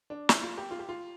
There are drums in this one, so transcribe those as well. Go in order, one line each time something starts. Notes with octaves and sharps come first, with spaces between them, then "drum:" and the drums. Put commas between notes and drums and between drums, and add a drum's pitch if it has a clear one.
D4
E4, drum: snare
F4
G4
F4
G4
F4